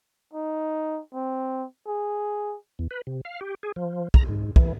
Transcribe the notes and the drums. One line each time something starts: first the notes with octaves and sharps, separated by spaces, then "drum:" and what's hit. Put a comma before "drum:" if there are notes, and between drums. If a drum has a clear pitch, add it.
D#4
C4
G#4
E2
B4
C3
F5
G4
G#4
F3
A#5, drum: kick
G#2
E3, drum: kick